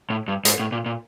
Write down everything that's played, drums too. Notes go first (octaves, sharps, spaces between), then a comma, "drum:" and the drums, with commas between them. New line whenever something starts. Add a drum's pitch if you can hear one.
A2
G2
G#2, drum: hi-hat
A2
A#2
A#2